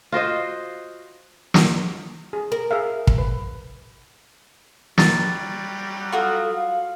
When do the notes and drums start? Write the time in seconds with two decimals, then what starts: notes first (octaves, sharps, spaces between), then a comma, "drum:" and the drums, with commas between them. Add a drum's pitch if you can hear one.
0.12 F4 F#4 C5 D#5
1.54 drum: snare
2.33 G#4
2.52 A#4
2.71 G#4 E5 F5
3.07 drum: kick
3.18 B4
4.98 F#3 G3 A6, drum: snare
6.12 F4 F#4 A4 D#6
6.49 F5